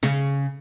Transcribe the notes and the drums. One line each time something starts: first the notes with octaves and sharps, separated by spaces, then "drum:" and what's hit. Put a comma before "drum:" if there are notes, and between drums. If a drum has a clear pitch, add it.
C#3, drum: snare